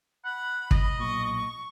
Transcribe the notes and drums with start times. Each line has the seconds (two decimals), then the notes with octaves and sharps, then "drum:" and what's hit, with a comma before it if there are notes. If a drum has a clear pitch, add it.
0.24 F#5 B5
0.71 C2 D#5, drum: kick
0.99 B1 A#2 C#6